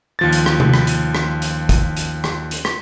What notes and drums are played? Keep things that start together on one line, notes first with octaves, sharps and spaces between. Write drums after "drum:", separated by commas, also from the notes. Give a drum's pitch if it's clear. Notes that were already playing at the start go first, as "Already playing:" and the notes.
D#2 F3 A6
drum: hi-hat
drum: rim click
drum: tom C3
drum: rim click
drum: hi-hat
drum: rim click
drum: hi-hat
drum: kick, hi-hat
drum: hi-hat
drum: rim click
drum: hi-hat
drum: rim click